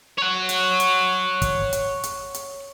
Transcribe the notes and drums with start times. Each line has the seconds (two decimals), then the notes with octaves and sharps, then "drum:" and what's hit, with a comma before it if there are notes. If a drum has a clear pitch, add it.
0.18 C#5 F#5
0.49 drum: hi-hat
0.80 drum: hi-hat
1.42 drum: kick, hi-hat
1.73 drum: hi-hat
2.04 drum: hi-hat
2.34 drum: hi-hat